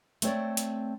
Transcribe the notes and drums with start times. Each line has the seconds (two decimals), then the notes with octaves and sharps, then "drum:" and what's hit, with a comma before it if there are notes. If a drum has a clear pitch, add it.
0.22 A3 C4 C#5 D5, drum: hi-hat
0.57 drum: hi-hat